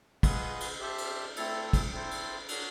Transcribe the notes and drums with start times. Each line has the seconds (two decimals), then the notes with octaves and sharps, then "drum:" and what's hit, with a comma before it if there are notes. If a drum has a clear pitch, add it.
0.23 F4 G#4 B4 D#5 F#5, drum: kick, cymbal
0.60 drum: cymbal
0.80 G4 C5 E5 A5
0.98 drum: cymbal
1.36 A3 C4 E4 A4, drum: cymbal
1.73 drum: kick, cymbal
1.92 C4 E4 A4 C5
2.11 drum: cymbal
2.48 D4 F#4 A#4 C#5 F#5, drum: cymbal